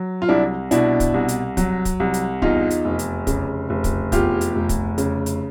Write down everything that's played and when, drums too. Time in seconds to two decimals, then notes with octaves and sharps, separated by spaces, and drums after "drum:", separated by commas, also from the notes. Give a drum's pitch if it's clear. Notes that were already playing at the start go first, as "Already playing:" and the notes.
Already playing: F#3
0.22 F4
0.29 C2 D4 E4
0.71 B2 D4 E4, drum: hi-hat
1.00 drum: kick, hi-hat
1.14 C2
1.28 drum: hi-hat
1.57 F#3, drum: kick, hi-hat
1.85 drum: kick, hi-hat
2.00 C2
2.14 drum: hi-hat
2.42 E2 D#4 F4, drum: kick
2.70 drum: hi-hat
2.85 F1
2.99 drum: hi-hat
3.27 C#3, drum: kick, hi-hat
3.70 F1
3.84 drum: kick, hi-hat
4.12 E2 F4 G4, drum: kick, hi-hat
4.41 drum: hi-hat
4.55 F1
4.69 drum: kick, hi-hat
4.98 C#3, drum: hi-hat
5.26 drum: hi-hat